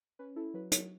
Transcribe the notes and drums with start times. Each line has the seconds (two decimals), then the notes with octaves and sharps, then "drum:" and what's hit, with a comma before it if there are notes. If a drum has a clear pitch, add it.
0.19 C#4 B4
0.36 E4 A4
0.54 F#3 B4
0.72 F#3 C#5, drum: hi-hat